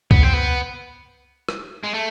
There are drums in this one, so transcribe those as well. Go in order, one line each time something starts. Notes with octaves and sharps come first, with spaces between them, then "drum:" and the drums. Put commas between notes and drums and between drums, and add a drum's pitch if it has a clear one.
B3, drum: kick
C4
B3
drum: rim click
G#3
A3